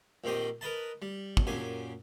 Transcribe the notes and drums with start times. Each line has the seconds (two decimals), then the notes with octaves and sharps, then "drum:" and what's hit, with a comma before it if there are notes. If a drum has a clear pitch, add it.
0.24 A#1 D#3 C4 G4 D#5
0.61 A#4 B4 D#5 A5
1.02 G3
1.37 drum: kick
1.47 F#2 A#2 G4 G#5